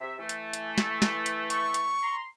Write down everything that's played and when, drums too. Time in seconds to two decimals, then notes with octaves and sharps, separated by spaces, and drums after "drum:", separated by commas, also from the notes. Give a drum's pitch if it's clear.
0.01 C3 E5
0.19 E3 A3
0.29 drum: hi-hat
0.53 drum: hi-hat
0.78 drum: snare
1.02 drum: snare
1.26 drum: hi-hat
1.50 C#6, drum: hi-hat
1.74 drum: hi-hat
2.03 A#5 C6